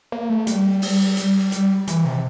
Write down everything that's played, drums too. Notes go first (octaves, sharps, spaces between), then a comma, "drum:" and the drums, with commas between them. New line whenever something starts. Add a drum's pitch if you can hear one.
A#3
A3
G3, drum: hi-hat
drum: open hi-hat
drum: hi-hat
drum: hi-hat
E3, drum: hi-hat
C3